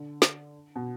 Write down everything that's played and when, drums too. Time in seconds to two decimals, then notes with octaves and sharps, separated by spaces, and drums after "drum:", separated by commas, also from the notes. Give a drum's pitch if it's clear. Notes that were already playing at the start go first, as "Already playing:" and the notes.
Already playing: D3
0.22 drum: snare
0.76 B2